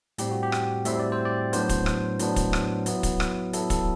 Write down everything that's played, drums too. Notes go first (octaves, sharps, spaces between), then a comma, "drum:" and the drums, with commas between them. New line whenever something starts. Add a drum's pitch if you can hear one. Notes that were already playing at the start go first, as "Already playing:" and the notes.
A2 G3 C4 G4, drum: hi-hat
F#4
G4
drum: rim click
A2 G3 C4 E5, drum: hi-hat
D5
C5
D5
A2 F#3 B3 D4 C5, drum: hi-hat
drum: kick, hi-hat
drum: rim click
A2 F#3 B3 D4, drum: hi-hat
drum: kick, hi-hat
drum: rim click
F#3 B3 E4, drum: hi-hat
drum: kick, hi-hat
drum: rim click
F#3 B3 E4 A4, drum: hi-hat
A4, drum: kick, hi-hat